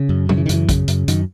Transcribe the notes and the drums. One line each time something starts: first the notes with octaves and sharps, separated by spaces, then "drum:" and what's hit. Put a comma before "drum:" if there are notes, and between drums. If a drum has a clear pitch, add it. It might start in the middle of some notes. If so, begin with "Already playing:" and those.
Already playing: C#3
F#2
C#3 F#3, drum: tom
E3
D#3
F#2 E3, drum: hi-hat
C#3, drum: kick, hi-hat
F#2, drum: hi-hat
F#2 D#3, drum: hi-hat